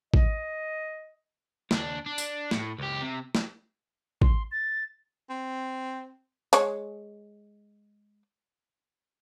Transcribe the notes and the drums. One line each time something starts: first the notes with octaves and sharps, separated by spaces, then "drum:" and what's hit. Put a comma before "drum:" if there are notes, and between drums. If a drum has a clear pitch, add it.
D#5, drum: kick A1
D#2 D4, drum: snare
D4
drum: tambourine
A2, drum: snare
C#2 G4
C3
drum: snare
C6, drum: kick A1
A6
C4
G#3 C#5, drum: hi-hat